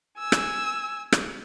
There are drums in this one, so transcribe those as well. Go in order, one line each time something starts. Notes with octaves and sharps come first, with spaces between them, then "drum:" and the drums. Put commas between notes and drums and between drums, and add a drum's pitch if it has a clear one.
G#5 E6
drum: rim click
drum: rim click